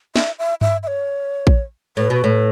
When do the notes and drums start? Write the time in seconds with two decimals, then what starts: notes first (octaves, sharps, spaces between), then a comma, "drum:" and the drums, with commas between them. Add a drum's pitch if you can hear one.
0.16 E5, drum: snare
0.39 E5
0.61 E5, drum: tom G2
0.83 E5
0.87 C#5
1.47 drum: kick A#1
1.97 A2 B4
2.10 B2
2.24 A2